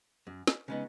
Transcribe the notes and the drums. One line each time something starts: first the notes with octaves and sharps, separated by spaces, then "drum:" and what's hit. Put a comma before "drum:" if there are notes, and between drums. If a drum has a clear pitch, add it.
F#2
drum: snare
C#3 G#3 B3 D#4